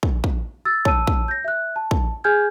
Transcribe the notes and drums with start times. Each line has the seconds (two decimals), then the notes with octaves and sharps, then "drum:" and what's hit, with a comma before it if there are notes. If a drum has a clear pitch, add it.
0.03 drum: kick
0.24 drum: kick
0.65 E6 A6
0.85 C#5 A5 E6 D#7, drum: kick
1.07 drum: kick
1.28 G6 A#6
1.44 E5 F#6
1.76 A5
1.91 drum: kick
2.24 G#4 G#5 F6 G6 G#6